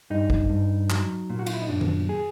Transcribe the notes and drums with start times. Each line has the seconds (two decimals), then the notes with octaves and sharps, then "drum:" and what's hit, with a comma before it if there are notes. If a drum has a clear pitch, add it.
0.10 G2 D#4
0.30 drum: kick
0.49 G2
0.90 F#3, drum: clap
1.30 A#2
1.39 F#4
1.46 F4, drum: cymbal
1.53 E4
1.61 D#4
1.69 F#2 D4
1.81 drum: tom D#3
2.09 G#4